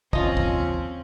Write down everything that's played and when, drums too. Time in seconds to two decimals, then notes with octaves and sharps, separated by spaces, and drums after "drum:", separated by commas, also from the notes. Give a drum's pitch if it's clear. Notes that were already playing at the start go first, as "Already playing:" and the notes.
0.13 D#2 C#3 F3 C4 C#4 F4 D#5, drum: kick
0.37 drum: kick